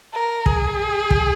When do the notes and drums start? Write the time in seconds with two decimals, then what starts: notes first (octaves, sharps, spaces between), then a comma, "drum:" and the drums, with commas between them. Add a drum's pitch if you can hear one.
0.14 A#4
0.46 G#4, drum: kick
1.11 drum: kick